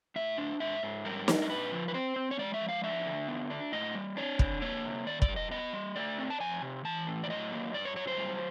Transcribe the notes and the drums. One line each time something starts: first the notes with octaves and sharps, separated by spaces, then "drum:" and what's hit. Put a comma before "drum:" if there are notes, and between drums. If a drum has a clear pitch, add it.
A2 E5
D4
G#2 E5
G#2
G3 A#4
D4, drum: snare
A#4
A#2 B4
F3
B4
C4 C5
C4
C#5
G#3 D5
E5
F3
F5
D4 E5
D3
B3
D4
A2 D#5
G3
D4 C#5
D3, drum: kick
A#3 C#5
C3
D#3 D5
D5, drum: kick
G2
D#5
B3 D#5
G3
A3 D5
C4
A5
F2 G#5
C3
E3 A5
A2
D5
F#3 D#5
A#3
G2 D5
C#5
F#3 C#5
C5
G3